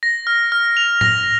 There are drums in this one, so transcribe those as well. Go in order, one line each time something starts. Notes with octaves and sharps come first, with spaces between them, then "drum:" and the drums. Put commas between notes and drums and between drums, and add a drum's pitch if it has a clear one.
A#6
F6
F6
F7
A#6, drum: tom A2